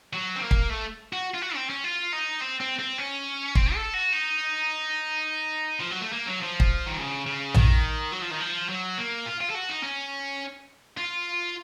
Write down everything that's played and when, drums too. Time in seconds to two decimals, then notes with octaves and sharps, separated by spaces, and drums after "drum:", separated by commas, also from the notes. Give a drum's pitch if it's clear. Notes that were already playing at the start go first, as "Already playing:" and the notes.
0.13 F#3
0.36 C4
0.41 A#3
0.51 drum: kick
0.69 A3
1.13 F#4
1.34 F4
1.41 F#4
1.55 C4
1.70 C#4
1.84 F4
2.13 D#4
2.41 C4
2.60 C4
2.79 C4
2.98 C#4
3.55 C4, drum: kick
3.74 A4
3.94 F#4
4.13 D#4
5.81 F3
5.91 F#3
6.01 A3
6.13 A#3
6.26 F#3
6.41 F3
6.60 drum: kick
6.86 D#3
6.98 C#3
7.26 C#3
7.54 D#3, drum: tom A#1
8.12 F#3
8.21 F3
8.31 D#3
8.40 F3
8.69 F#3
8.98 A#3
9.26 F4
9.41 F4
9.50 A4
9.54 F#4
9.69 D#4
9.83 C#4
10.97 F4